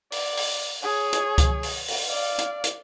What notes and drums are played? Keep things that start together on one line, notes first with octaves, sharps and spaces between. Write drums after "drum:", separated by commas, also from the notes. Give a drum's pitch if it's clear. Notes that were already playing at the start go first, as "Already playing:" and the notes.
D5, drum: open hi-hat
drum: open hi-hat
G#4 C#5
drum: hi-hat
drum: kick C#2, hi-hat
drum: open hi-hat
drum: open hi-hat
D5 F5
drum: hi-hat
drum: hi-hat